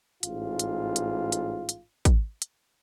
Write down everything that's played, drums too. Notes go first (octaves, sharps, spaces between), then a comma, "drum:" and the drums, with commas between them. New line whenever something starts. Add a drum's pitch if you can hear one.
A1 G#2 F4, drum: hi-hat
drum: hi-hat
drum: hi-hat
drum: hi-hat
drum: hi-hat
drum: kick, hi-hat
drum: hi-hat